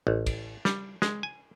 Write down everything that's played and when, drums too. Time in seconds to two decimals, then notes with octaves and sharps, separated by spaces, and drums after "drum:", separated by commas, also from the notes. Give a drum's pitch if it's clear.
0.07 A1
0.26 drum: kick, cymbal
0.65 G3, drum: snare
1.02 G#3, drum: snare
1.23 G#5